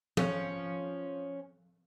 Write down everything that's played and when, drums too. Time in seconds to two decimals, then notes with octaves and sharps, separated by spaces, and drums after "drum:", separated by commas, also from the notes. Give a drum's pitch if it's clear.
0.17 F3 C#4, drum: tom F3